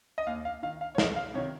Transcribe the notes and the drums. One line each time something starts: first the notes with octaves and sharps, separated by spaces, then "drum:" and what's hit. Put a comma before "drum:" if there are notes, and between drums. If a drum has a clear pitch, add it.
D#5
D#2 F5
F5
D#3 F5
F5
C#5
C2 D#5, drum: snare
F5
C3 D#3 C#5